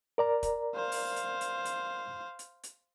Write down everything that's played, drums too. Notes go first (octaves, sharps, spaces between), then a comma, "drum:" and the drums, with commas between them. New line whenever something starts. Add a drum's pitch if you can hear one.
A#4 D5 A#5
drum: kick E1, hi-hat
C5 F5
drum: open hi-hat
drum: hi-hat
drum: hi-hat
drum: hi-hat
drum: hi-hat
drum: hi-hat